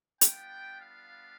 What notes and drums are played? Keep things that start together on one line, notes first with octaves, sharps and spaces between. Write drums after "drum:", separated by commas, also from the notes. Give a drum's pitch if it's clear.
G3 B3 D4 F4 G5, drum: hi-hat
F5